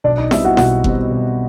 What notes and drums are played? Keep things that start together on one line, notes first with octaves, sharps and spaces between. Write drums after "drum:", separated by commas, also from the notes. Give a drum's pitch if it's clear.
B1 D4 D5
D#4 D#5
B2 G3 C4 E4 E5, drum: snare E4
F#4 F#5
B1 F#4 F#5, drum: snare E4
B2 G3 C4, drum: kick F#1
B1